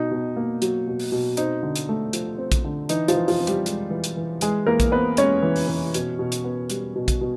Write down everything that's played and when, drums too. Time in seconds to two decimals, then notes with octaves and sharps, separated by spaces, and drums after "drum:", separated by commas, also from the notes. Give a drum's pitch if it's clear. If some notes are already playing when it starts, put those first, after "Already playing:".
Already playing: B2 D#4
0.11 B2
0.37 A#3
0.62 F#3, drum: hi-hat
0.87 B2
0.99 drum: open hi-hat
1.12 B2
1.37 C4 D#4, drum: hi-hat
1.63 D3
1.76 drum: hi-hat
1.89 A3
2.13 F3, drum: hi-hat
2.38 C4
2.52 drum: kick A#1, hi-hat
2.64 D3
2.89 E3 D#4, drum: hi-hat
3.08 F3 F4, drum: hi-hat
3.15 E3
3.28 F3 F4, drum: open hi-hat
3.40 C4
3.47 G3 G4, drum: hi-hat
3.66 G#3, drum: hi-hat
3.90 E3
4.04 drum: hi-hat
4.16 E3
4.41 E3 G#3 G#4, drum: hi-hat
4.66 E3 A#3 A#4
4.80 drum: kick A#1, hi-hat
4.92 B3 C4 B4
5.17 G#3 C#4 C#5, drum: hi-hat
5.42 E3
5.56 drum: open hi-hat
5.68 E3
5.94 B2, drum: hi-hat
6.19 B2
6.32 drum: hi-hat
6.44 B3
6.70 G3, drum: hi-hat
6.95 B2
7.08 drum: kick A#1, hi-hat
7.21 B2